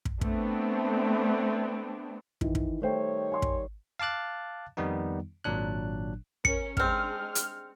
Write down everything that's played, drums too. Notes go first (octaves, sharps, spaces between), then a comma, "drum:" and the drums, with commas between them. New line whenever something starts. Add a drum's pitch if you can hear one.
drum: kick
A3 B3 C4 D4, drum: kick
D#3 E3, drum: kick
drum: kick
D#3 G3 A3 C5 C#5 G5
G#5 C6
drum: kick
F5 A5 D6 F#6 A6
F2 D#3 G3 B3 D#4
G#1 A#2 F#3 D4 F#6
C#4 A#4 C#7, drum: kick
D#3 G3 G#3 C4 D4 F6, drum: kick
drum: hi-hat